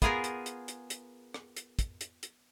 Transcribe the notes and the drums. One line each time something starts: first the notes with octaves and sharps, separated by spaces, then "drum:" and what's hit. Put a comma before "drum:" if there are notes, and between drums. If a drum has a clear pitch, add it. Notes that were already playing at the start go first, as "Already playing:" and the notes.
B3 F4 G#4 A#4 G#5, drum: kick, hi-hat
drum: hi-hat
drum: hi-hat
drum: hi-hat
drum: hi-hat
drum: rim click
drum: hi-hat
drum: kick, hi-hat
drum: hi-hat
drum: hi-hat